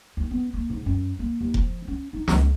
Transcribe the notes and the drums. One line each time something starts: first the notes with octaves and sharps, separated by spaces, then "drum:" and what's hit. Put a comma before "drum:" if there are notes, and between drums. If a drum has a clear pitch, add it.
D#2
B3
A#3
G#2
F#2
A#3
D#2
F3, drum: kick F1
C#4
D#4
C#2, drum: snare